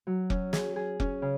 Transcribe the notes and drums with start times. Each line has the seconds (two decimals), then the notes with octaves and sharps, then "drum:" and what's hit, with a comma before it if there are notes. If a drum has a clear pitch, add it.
0.07 F#3
0.30 C#4, drum: kick F1
0.53 G#4, drum: snare
0.76 G#4
1.00 C#4, drum: kick F1
1.22 C#3